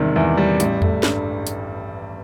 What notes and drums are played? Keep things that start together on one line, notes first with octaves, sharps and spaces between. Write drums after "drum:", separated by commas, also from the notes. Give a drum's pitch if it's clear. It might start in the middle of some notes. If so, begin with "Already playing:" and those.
Already playing: E2 C3 D#3 G3
E2
G3
A1, drum: hi-hat
A3, drum: tom E2
G2, drum: snare
drum: hi-hat